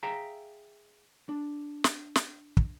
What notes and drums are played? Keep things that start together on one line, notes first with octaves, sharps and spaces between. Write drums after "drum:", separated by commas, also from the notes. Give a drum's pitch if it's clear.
G#4 E5 F5 G5 A#5
D4
drum: snare
drum: snare
drum: kick